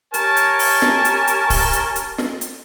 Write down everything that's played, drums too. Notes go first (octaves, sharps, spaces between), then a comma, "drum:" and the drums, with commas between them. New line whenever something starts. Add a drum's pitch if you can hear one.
G4 A#4 C#5 G#5 A5, drum: hi-hat
drum: hi-hat
drum: open hi-hat
drum: snare
drum: hi-hat
drum: hi-hat
drum: kick D1, open hi-hat
drum: hi-hat
drum: hi-hat
drum: snare
drum: hi-hat